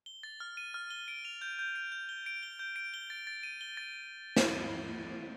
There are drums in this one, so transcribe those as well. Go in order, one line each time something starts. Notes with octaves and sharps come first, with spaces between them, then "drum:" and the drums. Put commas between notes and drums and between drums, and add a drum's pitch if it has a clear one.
G7
A6
F6
D#7
F6
G7
D7
F7
G6
G6
D7
G6
G7
D7
G7
G6
D7
G7
A6
A6
D#7
G7
A6
drum: snare